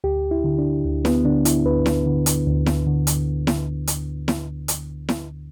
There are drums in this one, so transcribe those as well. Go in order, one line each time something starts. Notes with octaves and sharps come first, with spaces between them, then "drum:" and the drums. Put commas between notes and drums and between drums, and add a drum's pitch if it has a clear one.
D2 G4
E4
D3
D4
D2
B3, drum: snare E4
D3 D4
E4, drum: hi-hat
D2 B4
drum: snare E4
D3
drum: hi-hat
D2
drum: snare E4
D3
drum: hi-hat
drum: snare E4
drum: hi-hat
drum: snare E4
drum: hi-hat
drum: snare E4